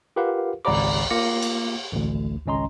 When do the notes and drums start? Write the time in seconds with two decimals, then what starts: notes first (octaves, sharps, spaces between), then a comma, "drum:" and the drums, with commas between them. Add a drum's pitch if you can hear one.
0.16 F4 G4 A#4 B4 F5 F#5
0.65 G#1 C#2 D5 A#5 B5 D6, drum: cymbal
1.10 A#3 F4 D6 A#6 C#7
1.43 drum: cymbal
1.92 A1 D2
2.46 G#1 C#2 C#4 D#5 A#5 C6